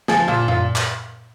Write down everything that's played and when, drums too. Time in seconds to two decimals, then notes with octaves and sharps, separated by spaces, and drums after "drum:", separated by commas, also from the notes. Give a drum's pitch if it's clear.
0.08 F3 G#4, drum: snare
0.28 A#2 F4
0.48 A#2 F4, drum: tom F#2
0.76 drum: clap